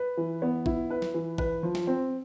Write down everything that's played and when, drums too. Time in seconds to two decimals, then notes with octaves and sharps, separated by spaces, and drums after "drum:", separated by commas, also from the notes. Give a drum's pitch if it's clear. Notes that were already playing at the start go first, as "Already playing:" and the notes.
Already playing: B4
0.17 E3
0.42 B3
0.66 E4, drum: kick
0.90 B4
1.02 drum: snare
1.14 E3
1.38 B4, drum: kick
1.63 F3
1.75 drum: snare
1.87 C4